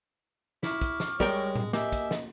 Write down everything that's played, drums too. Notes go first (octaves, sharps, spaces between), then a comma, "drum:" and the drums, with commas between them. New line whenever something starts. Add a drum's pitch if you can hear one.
E4 C#6 D6 F6, drum: snare
drum: kick, hi-hat
drum: snare
G3 G#3 A#4 C#5 G5, drum: kick
drum: tom A2
A#3 G4 D#5 E5 G#5 E6, drum: snare
drum: kick, hi-hat
drum: snare